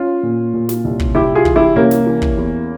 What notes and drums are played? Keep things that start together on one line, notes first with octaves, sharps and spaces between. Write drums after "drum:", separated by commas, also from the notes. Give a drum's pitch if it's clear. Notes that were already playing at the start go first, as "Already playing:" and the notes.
Already playing: C#4 F4
A#2
A#2
drum: snare
C2
drum: kick
C2 E4 G4
F4 G#4
E3, drum: kick
E4 G4
C2 A#3 C#4
drum: snare
E3
drum: kick
E2